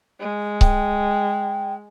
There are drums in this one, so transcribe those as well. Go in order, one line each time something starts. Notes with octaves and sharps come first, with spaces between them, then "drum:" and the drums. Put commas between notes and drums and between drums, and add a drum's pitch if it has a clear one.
G#3
G5, drum: kick C#1